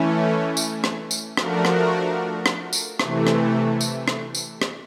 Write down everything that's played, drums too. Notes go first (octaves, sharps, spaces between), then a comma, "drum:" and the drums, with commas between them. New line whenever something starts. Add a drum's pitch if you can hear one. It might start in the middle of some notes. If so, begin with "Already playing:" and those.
Already playing: E3 A3 C#4
drum: tambourine
drum: rim click
drum: tambourine
F3 A3 D4 F#4 A#4, drum: rim click
drum: rim click
drum: rim click
drum: tambourine
C3 E3 A3, drum: rim click
drum: rim click
drum: tambourine
drum: rim click
drum: tambourine
drum: rim click